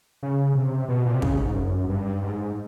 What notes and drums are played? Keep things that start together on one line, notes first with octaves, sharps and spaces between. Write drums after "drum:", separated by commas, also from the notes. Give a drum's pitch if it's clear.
C#3
C3
B2
A#2
C3
C#3, drum: kick
G#2
F#2
G2
G#2